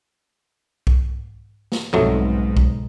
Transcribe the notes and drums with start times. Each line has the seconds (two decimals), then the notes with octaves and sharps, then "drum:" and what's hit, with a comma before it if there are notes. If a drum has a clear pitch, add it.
0.87 drum: kick B1
1.72 drum: snare
1.93 B1 F2 G#2 F#3 A3
2.57 drum: kick B1